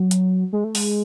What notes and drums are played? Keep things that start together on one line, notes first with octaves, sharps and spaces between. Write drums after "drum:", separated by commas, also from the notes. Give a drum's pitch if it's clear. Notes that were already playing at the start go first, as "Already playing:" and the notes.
Already playing: F#3
drum: hi-hat
G#3
A3
G#3, drum: open hi-hat